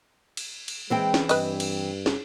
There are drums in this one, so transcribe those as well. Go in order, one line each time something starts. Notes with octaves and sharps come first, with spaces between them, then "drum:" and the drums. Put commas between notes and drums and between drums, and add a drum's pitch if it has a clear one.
drum: cymbal
drum: cymbal
E3 G#3 C4 G5
drum: snare
G2 B4 D#5, drum: cymbal
drum: cymbal
drum: snare